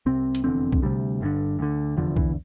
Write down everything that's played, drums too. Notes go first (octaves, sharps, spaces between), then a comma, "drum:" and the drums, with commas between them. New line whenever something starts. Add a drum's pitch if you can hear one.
C2 C3 C4
drum: hi-hat
F1 E2 D3 C4
drum: kick B1
D2 C3 G3
G1 G2 D3
D2 D3
F1 E2 D3 F3
E3, drum: kick B1